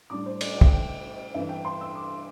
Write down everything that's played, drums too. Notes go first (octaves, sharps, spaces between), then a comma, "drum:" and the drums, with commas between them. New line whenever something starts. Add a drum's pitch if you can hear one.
A2 G3 D4 D6
C5
D5, drum: cymbal
D5
G5
E5, drum: kick
G5
G2 E3 C4 E5
G5
C6
E6
D6